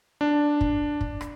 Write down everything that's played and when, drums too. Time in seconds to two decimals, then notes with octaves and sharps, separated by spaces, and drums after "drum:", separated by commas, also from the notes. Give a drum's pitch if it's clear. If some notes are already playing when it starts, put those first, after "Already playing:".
0.21 D4
0.61 drum: kick
1.01 drum: kick
1.21 drum: rim click